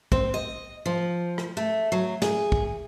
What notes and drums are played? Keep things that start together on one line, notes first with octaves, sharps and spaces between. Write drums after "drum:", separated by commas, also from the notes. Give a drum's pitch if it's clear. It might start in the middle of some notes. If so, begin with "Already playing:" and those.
C4, drum: kick
D#5
F3
drum: rim click
A3
F#3
G#4, drum: snare
drum: kick